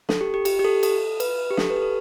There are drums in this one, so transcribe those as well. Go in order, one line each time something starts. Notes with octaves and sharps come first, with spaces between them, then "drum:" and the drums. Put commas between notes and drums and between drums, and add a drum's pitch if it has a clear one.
A4, drum: snare
G4
G4
G4, drum: cymbal
G4
A4
A4, drum: cymbal
B4, drum: cymbal
G4
A4, drum: snare
B4
G4
A4